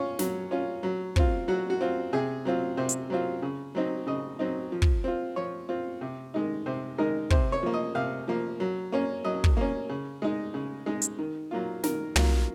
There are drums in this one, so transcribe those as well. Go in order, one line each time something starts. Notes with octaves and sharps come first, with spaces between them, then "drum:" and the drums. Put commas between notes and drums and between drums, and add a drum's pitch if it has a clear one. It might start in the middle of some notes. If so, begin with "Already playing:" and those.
Already playing: C#4 F4 C#5
F#3, drum: snare
C#4 F4
F#3
C4 F4, drum: kick
F#3 F#4
F#4
C4 F4
C3 G#4
F#3 C4 F4
C3 C5
drum: hi-hat
F#3 C4 F4
C#3
F#3 C4 D#4
C#3 D#5
F#3 C4 D#4
F3
drum: kick
C4 F4
F3 C#5
C4 F4
C3
D#3 G#3 D#4
C3 C5
D#3 G#3 D#4 A#4
C3 C5, drum: kick
C#5
F3 A#3
D#5
C3 F5
F3 A#3
F#3
A#3 C#4
F#3 D#5
drum: kick
A#3 C#4
C#3
G#3 D#4
C#3
G#3 D#4
drum: hi-hat
D#3
F#3 A#3 F4
D#3 A#4, drum: snare
F#3 A#3 F4, drum: tom